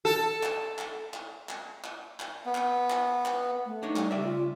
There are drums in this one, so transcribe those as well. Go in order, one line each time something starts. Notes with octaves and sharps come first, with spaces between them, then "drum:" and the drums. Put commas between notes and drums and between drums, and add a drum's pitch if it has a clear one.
A4
drum: clap
drum: clap
drum: clap
drum: clap
drum: clap
drum: clap
B3
drum: clap
drum: clap
drum: clap
A3
D4 D#4 C#5
G3, drum: clap
C#3 D5 E5
F4